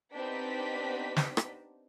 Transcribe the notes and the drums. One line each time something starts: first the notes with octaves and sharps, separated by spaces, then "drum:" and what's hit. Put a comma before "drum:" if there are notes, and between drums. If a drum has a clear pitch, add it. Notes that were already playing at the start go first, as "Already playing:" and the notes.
B3 C4 D4 D#4 G4 B6
drum: snare
drum: rim click